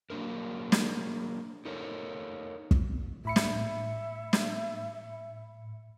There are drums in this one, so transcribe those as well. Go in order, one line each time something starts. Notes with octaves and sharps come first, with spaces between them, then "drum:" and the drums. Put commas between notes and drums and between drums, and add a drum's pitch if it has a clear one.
F#3 A#3 D4 A#4
drum: snare
D#4 A4 A#4 C#5
drum: kick
A2 E5 B5 C#7
drum: snare
drum: snare